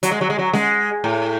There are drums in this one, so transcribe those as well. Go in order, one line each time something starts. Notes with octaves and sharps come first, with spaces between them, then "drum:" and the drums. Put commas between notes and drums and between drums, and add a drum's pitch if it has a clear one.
F#3, drum: hi-hat
G#3
F#3
G#3
F#3
G#3, drum: snare C#4
A2